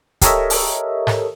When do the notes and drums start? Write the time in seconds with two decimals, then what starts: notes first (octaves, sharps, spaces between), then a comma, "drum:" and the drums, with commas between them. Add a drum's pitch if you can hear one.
0.21 G4 A4 A#4 C#5 D#5 E5, drum: kick, hi-hat
0.50 drum: open hi-hat
1.07 drum: snare G#2